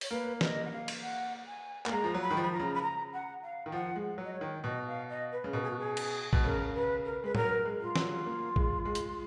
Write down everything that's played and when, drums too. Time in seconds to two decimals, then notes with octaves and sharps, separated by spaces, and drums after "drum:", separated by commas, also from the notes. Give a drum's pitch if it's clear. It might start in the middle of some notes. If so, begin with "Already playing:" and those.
0.01 C#5, drum: open hi-hat
0.11 A#3 B4
0.41 D#5, drum: snare
0.64 F#5
0.71 F5
0.88 drum: cymbal
1.01 F#5
1.47 G#5
1.86 A#3, drum: clap
1.91 G#3 A#5
2.04 F3
2.14 F#3
2.21 B5
2.31 D#3
2.37 F3
2.42 B5
2.52 A#5
2.60 C#3
2.74 B5
2.82 A#5
3.13 F#5
3.42 F5
3.66 D#3
3.72 F3 F#5
3.96 G#3
4.18 F#3
4.24 D#5
4.33 C#5
4.41 D#3
4.63 B2 D#5
4.81 F#5
4.86 F5
5.09 D#5
5.31 B4
5.44 C#3
5.53 B2 A#4
5.62 G#4
5.70 F#4
5.79 G#4
5.97 drum: cymbal
6.33 B2, drum: kick A#1
6.44 C#3 A#4
6.74 B4
7.04 A#4
7.23 G#3 B4
7.35 F#3 A#4, drum: tom A2
7.65 G#3
7.80 F4
7.96 F#3, drum: snare
8.26 A#3
8.56 G#3, drum: kick A#1
8.85 G#3
8.95 drum: hi-hat